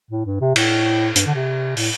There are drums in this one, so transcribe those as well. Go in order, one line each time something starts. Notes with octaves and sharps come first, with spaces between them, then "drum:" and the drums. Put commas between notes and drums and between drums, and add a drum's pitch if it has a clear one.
A2
G2
C3
A2, drum: cymbal
G2, drum: hi-hat
D3
C3
A2, drum: open hi-hat